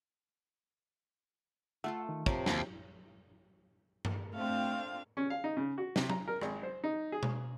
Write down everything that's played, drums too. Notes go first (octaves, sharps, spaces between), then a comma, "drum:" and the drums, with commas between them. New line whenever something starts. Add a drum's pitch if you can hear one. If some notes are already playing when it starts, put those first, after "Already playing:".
A3 F4 A4 E5 F#5
D#3
C3 F3 A#4 C#5, drum: kick
D#2 A#3 F#4, drum: snare
drum: tom G2
A3 C4 D4 F4 F5
C#4
F5
D#4
C#3
F#4
C3, drum: snare
A#5, drum: tom F#3
A#4
G#1, drum: rim click
C5
D#4
G#4
drum: tom B2